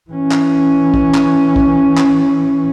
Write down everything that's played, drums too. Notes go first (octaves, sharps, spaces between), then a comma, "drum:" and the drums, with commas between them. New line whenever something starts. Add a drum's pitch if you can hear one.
E3 C#4
drum: clap
drum: kick
drum: clap
drum: kick
drum: clap